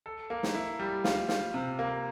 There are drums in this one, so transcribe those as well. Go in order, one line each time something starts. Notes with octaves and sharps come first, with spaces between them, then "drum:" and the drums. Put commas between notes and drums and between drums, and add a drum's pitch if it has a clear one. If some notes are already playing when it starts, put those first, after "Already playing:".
A4
A#3
drum: snare
E4
G3
F4, drum: snare
F4, drum: snare
C3
A#3